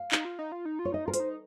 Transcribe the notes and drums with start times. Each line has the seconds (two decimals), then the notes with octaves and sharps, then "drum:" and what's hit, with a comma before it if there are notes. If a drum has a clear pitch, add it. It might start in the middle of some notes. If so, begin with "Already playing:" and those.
Already playing: F5
0.12 D#4, drum: clap
0.25 F4
0.39 D#4
0.52 F4
0.65 D#4
0.79 F4
0.85 C#5
0.92 D#4 D#5
1.06 F4 A#4
1.14 C5, drum: hi-hat
1.20 D#4